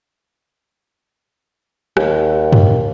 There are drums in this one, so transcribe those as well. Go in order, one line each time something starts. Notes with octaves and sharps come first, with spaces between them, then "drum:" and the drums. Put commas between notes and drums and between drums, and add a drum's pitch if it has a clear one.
D#2, drum: rim click
drum: tom F#2